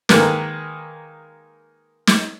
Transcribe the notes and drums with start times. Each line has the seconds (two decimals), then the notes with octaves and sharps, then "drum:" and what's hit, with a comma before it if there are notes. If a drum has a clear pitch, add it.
0.09 D#3 G#3 A#3 B4, drum: snare
2.07 drum: snare